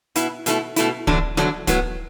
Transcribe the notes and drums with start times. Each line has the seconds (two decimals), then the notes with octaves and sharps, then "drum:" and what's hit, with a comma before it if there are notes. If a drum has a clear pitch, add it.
0.16 B2 B3 E4, drum: hi-hat
0.46 B2 A3 E4, drum: hi-hat
0.76 B2 A3 E4, drum: hi-hat
1.07 E2 D3 F#3 D4, drum: kick
1.37 E2 D3 F#3 D4, drum: snare
1.67 A2 F#3 B3, drum: kick, hi-hat